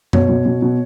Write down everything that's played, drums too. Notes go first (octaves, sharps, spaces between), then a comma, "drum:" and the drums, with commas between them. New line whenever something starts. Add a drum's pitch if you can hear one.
B2 C#5, drum: tom F#2
B2
B2
B2